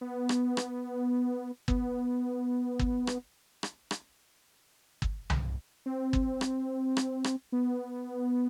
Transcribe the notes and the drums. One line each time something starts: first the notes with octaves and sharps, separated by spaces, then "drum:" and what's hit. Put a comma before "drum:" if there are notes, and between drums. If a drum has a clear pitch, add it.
B3
drum: rim click
drum: rim click
B3, drum: kick
drum: kick
drum: rim click
drum: rim click
drum: rim click
drum: kick
drum: tom C2
C4
drum: kick
drum: rim click
drum: rim click
drum: rim click
B3